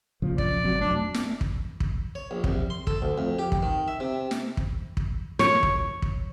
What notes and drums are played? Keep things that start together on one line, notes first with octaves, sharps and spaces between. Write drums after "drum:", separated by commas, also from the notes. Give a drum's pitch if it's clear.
A#1 C#3 F3
D5, drum: kick
G1 C3 F#3
F1 E2 A3 D4
drum: snare
drum: kick
drum: kick
C#5
A#1
C2, drum: kick
C6
A4, drum: kick
D2
F2
G4
drum: kick
D#3
E5
C3
drum: snare
drum: kick
drum: kick
C#5, drum: snare
drum: kick
drum: kick